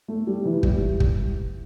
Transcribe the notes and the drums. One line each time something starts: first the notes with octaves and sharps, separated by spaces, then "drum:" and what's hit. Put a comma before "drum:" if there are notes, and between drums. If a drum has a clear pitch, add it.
A3
G3
E3
G3, drum: kick
drum: kick